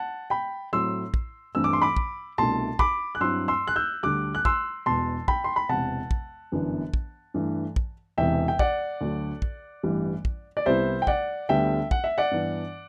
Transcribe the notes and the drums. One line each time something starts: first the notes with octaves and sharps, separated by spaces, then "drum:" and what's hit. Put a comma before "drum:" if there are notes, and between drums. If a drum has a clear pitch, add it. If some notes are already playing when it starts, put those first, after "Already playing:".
Already playing: F#5 A5
G5 B5
A2 F#3 C4 E4 C6 E6
drum: kick
G2 E3 A3 C4 E4 E6
D6
C6
B5 D6
drum: kick
C2 B2 A3 D4 A5 C6
B5 D6, drum: kick
F#6
G2 F#3 C4 E4 C6 E6
C6 E6
F#6
E6 G6
D2 D3 G3 D6 F#6
F#6
C6 E6, drum: kick
E1 E2 B2 A5 C6
G5 B5, drum: kick
C6
B5
E1 E2 C3 F#5 A5
drum: kick
G1 F#2 E3 B3 D4
drum: kick
G2 E3 A3
drum: kick
E1 E2 C3 E3 E5 G5
G5
D5 F#5, drum: kick
D2 D3 F#3
drum: kick
A1 G2 E3 G3
drum: kick
D5
C2 C3 G3 B3 E4 C5 E5
G5
D5 F#5, drum: kick
D2 D3 G3 B3 D4 E5 G5
F#5, drum: kick
E5
D5 F#5
G2 E3 B3 D4